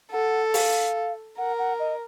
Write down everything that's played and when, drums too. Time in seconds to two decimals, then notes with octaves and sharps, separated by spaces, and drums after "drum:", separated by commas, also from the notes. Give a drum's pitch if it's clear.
0.12 A4 F#5
0.54 F5, drum: open hi-hat
1.38 A#4 F#5
1.59 F#5
1.79 D#5